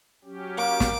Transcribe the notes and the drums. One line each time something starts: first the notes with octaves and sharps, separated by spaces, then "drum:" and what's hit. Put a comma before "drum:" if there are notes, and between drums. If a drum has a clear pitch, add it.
F#3 C#4 G4
A#3 D6
drum: snare